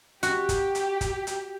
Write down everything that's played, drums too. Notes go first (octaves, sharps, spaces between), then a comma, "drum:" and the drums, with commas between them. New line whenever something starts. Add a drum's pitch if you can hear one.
F#4 G4, drum: hi-hat
drum: kick G1, hi-hat
drum: hi-hat
drum: kick G1, hi-hat
drum: hi-hat